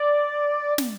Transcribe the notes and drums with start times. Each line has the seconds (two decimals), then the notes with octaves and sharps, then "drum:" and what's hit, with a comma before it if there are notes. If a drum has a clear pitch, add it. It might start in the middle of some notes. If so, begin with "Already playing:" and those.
Already playing: D5
0.78 drum: snare